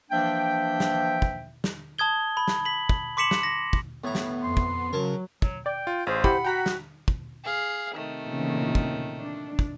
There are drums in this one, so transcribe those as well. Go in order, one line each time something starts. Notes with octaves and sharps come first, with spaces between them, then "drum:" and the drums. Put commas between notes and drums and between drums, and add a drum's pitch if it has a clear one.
E3 F3 A#3 D4 E5 G5
drum: snare
drum: kick
drum: snare
A5 D#6 G#6 G7
B5
drum: snare
B6 F#7
drum: kick
C6 D6 B6 C#7 E7 F#7
drum: snare
A#6
drum: kick
A2 B3 A#5
drum: snare
F2 C6
drum: kick
C#3 F#3 A#4 A5
F#3, drum: kick
D5 G5
F4
A1 G#4 C5 F5
E4 G4 F#5 B5, drum: kick
F#4 G5 A#5 B6
drum: snare
drum: kick
G#4 F5
C3 D#3 A3
A#2 C#3 E3
drum: kick
D4
drum: kick